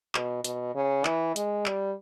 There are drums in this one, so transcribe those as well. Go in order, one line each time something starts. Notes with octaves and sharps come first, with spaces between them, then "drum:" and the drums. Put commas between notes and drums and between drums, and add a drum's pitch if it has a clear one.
B2, drum: clap
B2, drum: hi-hat
C#3
E3, drum: clap
G#3, drum: hi-hat
G3, drum: clap